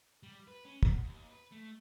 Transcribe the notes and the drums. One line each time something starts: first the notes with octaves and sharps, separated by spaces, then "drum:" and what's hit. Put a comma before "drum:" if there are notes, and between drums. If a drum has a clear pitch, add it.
G3
B4
C#4
E2, drum: kick
D#2
B4
A3